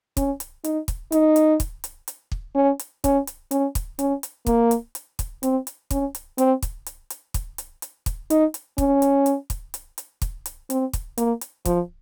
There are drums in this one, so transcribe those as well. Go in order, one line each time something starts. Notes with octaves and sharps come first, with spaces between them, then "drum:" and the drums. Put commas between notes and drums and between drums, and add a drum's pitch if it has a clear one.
C#4, drum: kick, hi-hat
drum: hi-hat
D#4, drum: hi-hat
drum: kick, hi-hat
D#4, drum: hi-hat
drum: hi-hat
drum: kick, hi-hat
drum: hi-hat
drum: hi-hat
drum: kick
C#4
drum: hi-hat
C#4, drum: kick, hi-hat
drum: hi-hat
C#4, drum: hi-hat
drum: kick, hi-hat
C#4, drum: hi-hat
drum: hi-hat
A#3, drum: kick, hi-hat
drum: hi-hat
drum: hi-hat
drum: kick, hi-hat
C4, drum: hi-hat
drum: hi-hat
C#4, drum: kick, hi-hat
drum: hi-hat
C4, drum: hi-hat
drum: kick, hi-hat
drum: hi-hat
drum: hi-hat
drum: kick, hi-hat
drum: hi-hat
drum: hi-hat
drum: kick, hi-hat
D#4, drum: hi-hat
drum: hi-hat
C#4, drum: kick, hi-hat
drum: hi-hat
drum: hi-hat
drum: kick, hi-hat
drum: hi-hat
drum: hi-hat
drum: kick, hi-hat
drum: hi-hat
C4, drum: hi-hat
drum: kick, hi-hat
A#3, drum: hi-hat
drum: hi-hat
F3, drum: kick, hi-hat